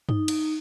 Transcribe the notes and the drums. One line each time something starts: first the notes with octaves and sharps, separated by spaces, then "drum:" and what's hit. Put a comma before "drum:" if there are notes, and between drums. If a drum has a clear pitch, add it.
D#4, drum: tom G2
drum: cymbal